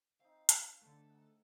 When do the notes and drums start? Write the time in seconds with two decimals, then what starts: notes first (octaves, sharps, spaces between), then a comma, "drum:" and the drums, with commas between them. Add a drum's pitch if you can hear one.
0.20 C4 D#4 F5
0.49 drum: hi-hat
0.82 D3 A3 A4
1.10 F#5 G#5 A#5